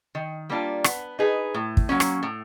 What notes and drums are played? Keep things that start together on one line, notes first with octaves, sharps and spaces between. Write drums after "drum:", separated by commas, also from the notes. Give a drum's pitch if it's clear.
D#3
G3 A#3 D4 F4
B3, drum: rim click
D#4 G#4 B4
A2
drum: kick
F#3 A#3 C#4
drum: rim click
A2